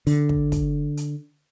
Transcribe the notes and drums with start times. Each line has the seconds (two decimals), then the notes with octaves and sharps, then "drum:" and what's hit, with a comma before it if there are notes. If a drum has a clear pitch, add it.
0.07 D3, drum: open hi-hat
0.29 drum: kick
0.52 drum: kick, hi-hat
0.97 drum: hi-hat